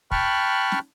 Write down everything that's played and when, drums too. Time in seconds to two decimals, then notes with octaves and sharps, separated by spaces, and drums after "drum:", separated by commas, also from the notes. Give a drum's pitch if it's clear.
0.11 G5 A5 B5 C#6 F6 F#6, drum: kick
0.72 drum: snare